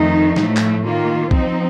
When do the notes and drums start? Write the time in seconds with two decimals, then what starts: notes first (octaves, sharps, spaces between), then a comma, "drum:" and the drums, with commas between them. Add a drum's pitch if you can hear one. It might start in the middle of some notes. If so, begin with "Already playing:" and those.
Already playing: F2 D#3 A3 D#4
0.36 A2 F3 A3, drum: snare
0.57 drum: clap
0.84 D#3 A#3 F4
1.31 F3 C4 D#4, drum: kick B1